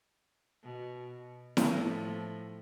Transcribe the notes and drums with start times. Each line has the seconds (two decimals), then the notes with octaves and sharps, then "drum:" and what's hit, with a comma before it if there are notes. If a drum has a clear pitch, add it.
0.63 B2
1.57 A2 F3, drum: snare E4